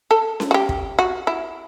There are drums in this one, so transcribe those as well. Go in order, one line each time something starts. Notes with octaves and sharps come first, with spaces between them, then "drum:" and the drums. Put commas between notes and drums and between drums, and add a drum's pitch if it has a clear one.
A4
drum: snare C#4
F#4
G4
drum: kick
F#4
E4